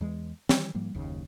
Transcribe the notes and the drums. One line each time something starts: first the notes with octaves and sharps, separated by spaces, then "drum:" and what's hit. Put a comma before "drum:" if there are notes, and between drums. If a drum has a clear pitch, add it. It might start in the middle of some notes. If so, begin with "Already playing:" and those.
E2 E3 G#3
D#3 E3 G3, drum: snare
G#2 F3 G3 A#3
F#1 D#2 C#3